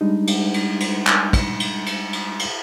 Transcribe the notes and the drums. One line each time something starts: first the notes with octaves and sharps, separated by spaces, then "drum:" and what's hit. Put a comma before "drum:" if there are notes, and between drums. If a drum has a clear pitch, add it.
G3 G#3 D4 D#4
drum: cymbal
drum: cymbal
drum: cymbal
drum: clap
drum: kick, cymbal
drum: cymbal
drum: cymbal
drum: cymbal
drum: cymbal